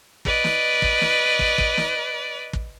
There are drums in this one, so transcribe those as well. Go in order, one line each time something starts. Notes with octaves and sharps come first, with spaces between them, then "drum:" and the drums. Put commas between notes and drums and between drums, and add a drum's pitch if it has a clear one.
B4 D5 D#5, drum: kick
drum: snare
drum: kick
drum: snare
drum: kick
drum: kick
drum: snare
drum: kick